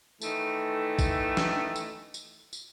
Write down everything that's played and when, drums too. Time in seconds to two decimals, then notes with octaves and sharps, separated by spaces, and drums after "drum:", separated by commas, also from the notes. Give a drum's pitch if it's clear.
0.22 D#3 E3 A3, drum: tambourine
0.99 drum: kick, tambourine
1.37 drum: snare
1.76 drum: tambourine
2.14 drum: tambourine
2.53 drum: tambourine